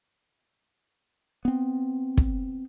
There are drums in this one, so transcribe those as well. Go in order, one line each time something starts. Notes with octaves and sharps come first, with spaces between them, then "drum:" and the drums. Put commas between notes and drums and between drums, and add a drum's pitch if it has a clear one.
B3 C4
drum: kick